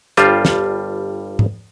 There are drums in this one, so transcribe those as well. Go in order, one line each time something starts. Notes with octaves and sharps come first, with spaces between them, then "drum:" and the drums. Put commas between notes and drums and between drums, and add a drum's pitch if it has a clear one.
G1 G2 G3 F4 C5, drum: hi-hat
drum: snare
drum: tom